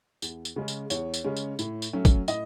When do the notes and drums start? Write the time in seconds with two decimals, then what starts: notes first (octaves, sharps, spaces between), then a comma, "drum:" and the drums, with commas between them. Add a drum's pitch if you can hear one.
0.22 E2, drum: tambourine
0.45 drum: tambourine
0.56 C#3 G#3 C#4
0.68 drum: tambourine
0.90 E2 C#5, drum: tambourine
1.14 drum: tambourine
1.24 C#3 G#3 C#4
1.36 drum: tambourine
1.59 A2, drum: tambourine
1.82 drum: tambourine
1.93 F#3 A3 C#4
2.05 drum: kick, tambourine
2.28 A2 D#5, drum: tambourine